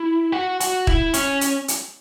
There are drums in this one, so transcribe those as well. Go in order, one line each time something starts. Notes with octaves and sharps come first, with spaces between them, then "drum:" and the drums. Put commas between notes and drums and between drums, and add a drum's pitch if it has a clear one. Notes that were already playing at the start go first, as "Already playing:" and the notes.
Already playing: E4
F#4
F#4, drum: hi-hat
E4, drum: kick D#1
C#4, drum: hi-hat
drum: hi-hat
drum: hi-hat